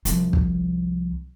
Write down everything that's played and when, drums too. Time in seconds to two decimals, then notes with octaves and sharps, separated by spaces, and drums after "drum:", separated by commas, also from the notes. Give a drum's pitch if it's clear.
0.05 C2 F3, drum: hi-hat
0.33 drum: kick